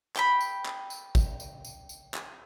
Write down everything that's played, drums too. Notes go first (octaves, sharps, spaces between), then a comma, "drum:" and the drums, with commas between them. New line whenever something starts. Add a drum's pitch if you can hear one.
G5 B5, drum: clap
drum: tambourine
drum: clap
drum: tambourine
drum: kick G#1, tambourine
drum: tambourine
drum: tambourine
drum: tambourine
drum: clap